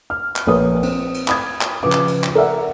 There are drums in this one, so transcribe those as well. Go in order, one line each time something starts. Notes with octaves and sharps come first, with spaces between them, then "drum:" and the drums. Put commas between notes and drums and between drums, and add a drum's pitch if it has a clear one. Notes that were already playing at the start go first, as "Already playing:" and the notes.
F6
drum: clap
A#1 A#4 B4 C#5 D#6
C4, drum: cymbal
drum: cymbal
B5 D#6 G#6, drum: clap
drum: clap
C#3 F3 B4 D6
drum: clap
drum: cymbal
drum: clap
A#4 D5 E5 F#5